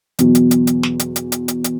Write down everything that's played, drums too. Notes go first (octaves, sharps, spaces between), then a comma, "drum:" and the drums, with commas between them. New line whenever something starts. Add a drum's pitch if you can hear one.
E2 B2 F#3, drum: hi-hat
drum: hi-hat
drum: hi-hat
drum: hi-hat
drum: snare
drum: hi-hat
drum: hi-hat
drum: hi-hat
drum: hi-hat
drum: hi-hat